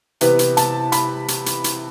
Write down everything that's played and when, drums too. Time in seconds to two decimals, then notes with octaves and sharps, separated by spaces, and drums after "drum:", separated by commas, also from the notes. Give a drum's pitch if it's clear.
0.21 C3 E3 B3 B4, drum: hi-hat
0.39 drum: hi-hat
0.57 A5, drum: hi-hat
0.92 B5, drum: hi-hat
1.28 drum: hi-hat
1.46 drum: hi-hat
1.64 drum: hi-hat